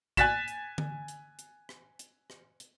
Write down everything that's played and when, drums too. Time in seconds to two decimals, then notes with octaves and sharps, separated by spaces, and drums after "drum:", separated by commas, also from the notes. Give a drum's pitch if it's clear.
0.17 G#5 F#6 A6 B6 E7, drum: kick, hi-hat
0.48 drum: hi-hat
0.78 drum: tom D3
1.08 drum: hi-hat
1.39 drum: hi-hat
1.69 drum: rim click
1.99 drum: hi-hat
2.30 drum: rim click
2.60 drum: hi-hat